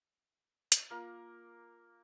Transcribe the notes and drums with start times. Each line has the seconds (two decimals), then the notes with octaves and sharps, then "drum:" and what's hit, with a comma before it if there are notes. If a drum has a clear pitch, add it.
0.72 drum: hi-hat
0.90 A#3 F4 A#4